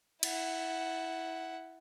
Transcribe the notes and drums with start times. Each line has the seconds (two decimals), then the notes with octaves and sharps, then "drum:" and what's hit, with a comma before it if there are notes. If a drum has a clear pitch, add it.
0.23 E4 F#5, drum: cymbal